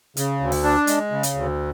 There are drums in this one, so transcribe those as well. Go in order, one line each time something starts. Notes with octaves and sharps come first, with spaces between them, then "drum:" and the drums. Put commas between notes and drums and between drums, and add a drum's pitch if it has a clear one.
C#3, drum: hi-hat
D2
drum: open hi-hat
D4
G#3, drum: hi-hat
C#3
drum: hi-hat
D2